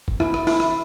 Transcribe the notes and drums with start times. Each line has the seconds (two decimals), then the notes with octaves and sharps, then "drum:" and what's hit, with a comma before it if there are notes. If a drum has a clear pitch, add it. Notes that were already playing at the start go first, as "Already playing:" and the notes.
0.08 drum: kick
0.20 E4, drum: rim click
0.34 drum: rim click
0.47 E4, drum: open hi-hat
0.60 drum: rim click